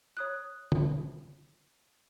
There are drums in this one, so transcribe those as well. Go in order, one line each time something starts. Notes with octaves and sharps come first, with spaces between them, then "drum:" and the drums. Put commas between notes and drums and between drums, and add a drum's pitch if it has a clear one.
C#5 D#6 F#6
drum: tom